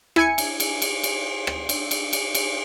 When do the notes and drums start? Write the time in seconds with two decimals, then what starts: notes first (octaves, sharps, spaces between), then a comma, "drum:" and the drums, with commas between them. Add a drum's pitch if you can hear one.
0.16 E4 G#5 C#7, drum: rim click
0.38 drum: cymbal
0.60 drum: cymbal
0.82 drum: cymbal
1.04 drum: cymbal
1.47 drum: rim click
1.69 drum: cymbal
1.91 drum: cymbal
2.13 drum: cymbal
2.35 drum: cymbal